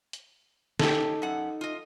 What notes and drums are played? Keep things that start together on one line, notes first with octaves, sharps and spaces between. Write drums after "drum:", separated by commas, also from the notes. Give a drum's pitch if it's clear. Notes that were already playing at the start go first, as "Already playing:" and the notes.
drum: hi-hat
C#4 D#4 G4 A4, drum: snare
F#2 F#5
F4 D#5